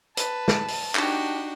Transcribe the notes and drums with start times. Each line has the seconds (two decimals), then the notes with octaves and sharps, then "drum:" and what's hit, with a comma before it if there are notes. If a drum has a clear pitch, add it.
0.17 B4 A5, drum: hi-hat
0.48 drum: snare
0.68 drum: open hi-hat
0.95 D4 D#4 F#4 G4, drum: clap